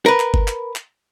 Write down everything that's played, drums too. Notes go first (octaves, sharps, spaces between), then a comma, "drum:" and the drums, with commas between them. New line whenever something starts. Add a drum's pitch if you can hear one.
A#4 B4
drum: clap
drum: kick G1
drum: clap
drum: clap